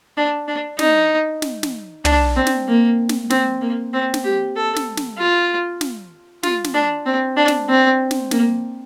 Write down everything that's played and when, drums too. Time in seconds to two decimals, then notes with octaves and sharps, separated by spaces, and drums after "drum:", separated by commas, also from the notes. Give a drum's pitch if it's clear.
0.17 D4
0.48 D4
0.79 D#4, drum: snare
1.42 drum: snare
1.63 drum: snare
2.05 D4, drum: tom
2.36 C4
2.47 drum: snare
2.68 A#3
3.09 drum: snare
3.30 C4, drum: snare
3.61 A#3
3.93 C4
4.14 drum: snare
4.24 G4
4.56 A4
4.76 drum: snare
4.97 drum: snare
5.18 F4
5.81 drum: snare
6.43 F4, drum: snare
6.64 drum: snare
6.74 D4
7.06 C4
7.37 D4
7.48 drum: snare
7.69 C4
8.11 drum: snare
8.31 A#3, drum: snare